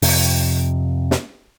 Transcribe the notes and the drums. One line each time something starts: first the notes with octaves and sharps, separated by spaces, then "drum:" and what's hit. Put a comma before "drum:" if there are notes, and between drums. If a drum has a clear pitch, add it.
F2 C3, drum: open hi-hat
drum: snare